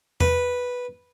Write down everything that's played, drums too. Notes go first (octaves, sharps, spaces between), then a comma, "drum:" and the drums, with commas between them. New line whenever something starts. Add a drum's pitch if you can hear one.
B4, drum: tom E2